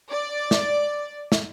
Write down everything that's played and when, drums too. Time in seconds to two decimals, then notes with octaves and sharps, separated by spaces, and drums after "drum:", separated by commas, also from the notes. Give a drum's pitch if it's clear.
0.11 D5
0.51 drum: snare
1.32 drum: snare